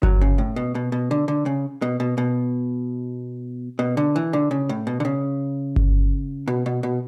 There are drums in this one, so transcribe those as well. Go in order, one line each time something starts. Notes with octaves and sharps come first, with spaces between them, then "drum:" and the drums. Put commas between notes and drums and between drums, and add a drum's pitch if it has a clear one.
F#3, drum: kick G1
C#3
A2
B2
B2
B2
D3
D3
C#3
B2
B2
B2
B2
D3
E3
D3
C#3
A2
B2
D3
C#3
drum: kick G1
B2
B2
B2